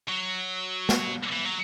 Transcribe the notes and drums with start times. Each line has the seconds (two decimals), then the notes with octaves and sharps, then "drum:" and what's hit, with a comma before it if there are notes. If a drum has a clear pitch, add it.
0.08 F#3
0.89 drum: snare
1.32 E3
1.45 F#3